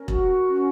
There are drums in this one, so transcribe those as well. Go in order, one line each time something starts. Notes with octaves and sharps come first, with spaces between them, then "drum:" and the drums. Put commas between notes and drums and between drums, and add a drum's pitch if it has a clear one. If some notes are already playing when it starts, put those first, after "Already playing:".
Already playing: C#4 A#4
F#4, drum: kick E1
C#4